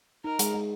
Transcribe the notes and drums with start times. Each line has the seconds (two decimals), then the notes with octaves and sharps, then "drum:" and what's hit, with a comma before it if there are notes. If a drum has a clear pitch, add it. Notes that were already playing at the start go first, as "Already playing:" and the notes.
0.24 D#4 A#4
0.39 G#3, drum: hi-hat
0.54 G#3